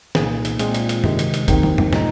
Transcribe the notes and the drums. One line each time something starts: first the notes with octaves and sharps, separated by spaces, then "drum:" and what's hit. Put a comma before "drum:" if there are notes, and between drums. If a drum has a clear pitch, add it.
C2 A#2 A#3 D#4 G#4, drum: snare
drum: hi-hat
A#2 G#3 C4 F4 G#4, drum: hi-hat
drum: hi-hat
drum: hi-hat
C3 D#3 G#3, drum: tom F#2
drum: hi-hat
drum: hi-hat
D#2 D#3 C4 D#4, drum: kick, hi-hat
drum: tom
drum: tom F#2
A#2 G#3 D#4, drum: snare